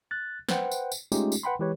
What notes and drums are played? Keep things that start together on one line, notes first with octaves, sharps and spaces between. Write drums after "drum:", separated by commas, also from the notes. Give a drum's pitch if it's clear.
F#6 A6
B4 C5 F#5 G5, drum: snare
drum: tambourine
drum: tambourine
G#3 A3 C#4 D#4 F4 G4, drum: tambourine
drum: tambourine
B4 F#5 G5 B5 C6
E3 G#3 G4 B4 C#5